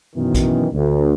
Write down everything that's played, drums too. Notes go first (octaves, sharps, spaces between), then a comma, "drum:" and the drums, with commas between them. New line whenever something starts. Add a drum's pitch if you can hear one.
F#2 B2 D#3 E3
drum: kick, hi-hat
D2